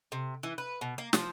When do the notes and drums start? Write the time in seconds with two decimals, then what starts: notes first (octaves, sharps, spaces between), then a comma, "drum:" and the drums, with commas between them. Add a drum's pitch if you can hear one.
0.12 C3
0.43 E3
0.58 B4
0.81 B2
0.98 A#3
1.13 F3, drum: snare